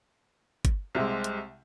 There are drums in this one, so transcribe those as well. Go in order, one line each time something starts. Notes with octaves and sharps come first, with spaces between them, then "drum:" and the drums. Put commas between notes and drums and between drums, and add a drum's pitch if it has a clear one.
drum: kick G1, hi-hat
C2 C3 G#3
drum: hi-hat